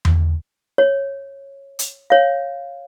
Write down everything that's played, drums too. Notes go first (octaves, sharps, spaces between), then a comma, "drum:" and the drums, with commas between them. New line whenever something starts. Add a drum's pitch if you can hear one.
drum: tom E2
C#5
drum: hi-hat
C#5 F5